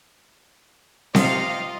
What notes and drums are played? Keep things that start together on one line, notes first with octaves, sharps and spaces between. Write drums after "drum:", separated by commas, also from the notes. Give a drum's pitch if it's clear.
C3 D#4 F4 D#5 F5, drum: snare C4